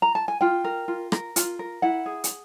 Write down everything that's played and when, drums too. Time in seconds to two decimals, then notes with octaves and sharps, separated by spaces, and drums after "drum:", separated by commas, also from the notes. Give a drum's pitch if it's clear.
0.02 A#5
0.15 A5
0.28 G#5
0.41 F4 G5
0.64 A#4
0.88 F4
1.12 A#4, drum: rim click
1.36 F4, drum: hi-hat
1.59 A#4
1.82 E4 F#5
2.06 G#4
2.24 drum: hi-hat